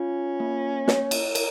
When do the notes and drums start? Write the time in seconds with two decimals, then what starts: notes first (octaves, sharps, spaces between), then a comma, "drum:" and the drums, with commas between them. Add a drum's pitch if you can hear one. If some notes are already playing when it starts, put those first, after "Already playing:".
Already playing: C#4 F4
0.40 A#3
0.88 C#5, drum: snare
1.11 drum: cymbal
1.35 A#4, drum: cymbal